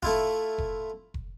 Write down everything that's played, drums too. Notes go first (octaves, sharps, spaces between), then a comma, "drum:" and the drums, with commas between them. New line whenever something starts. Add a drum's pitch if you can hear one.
A3 E4 F4, drum: kick F1
drum: kick F1
drum: kick F1